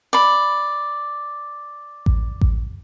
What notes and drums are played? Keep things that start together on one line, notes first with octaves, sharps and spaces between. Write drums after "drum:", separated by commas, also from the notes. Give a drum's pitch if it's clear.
D5 B5
drum: kick A1
drum: kick A1